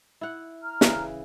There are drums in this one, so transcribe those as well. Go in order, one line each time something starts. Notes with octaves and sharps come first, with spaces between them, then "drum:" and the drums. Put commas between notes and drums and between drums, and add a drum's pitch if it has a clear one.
E4 F#5
A#5 F6
C#3 E3, drum: snare